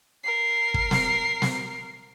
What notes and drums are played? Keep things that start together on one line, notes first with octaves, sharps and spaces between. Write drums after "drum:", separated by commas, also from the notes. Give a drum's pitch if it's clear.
A#4 C7
drum: kick
drum: snare
drum: snare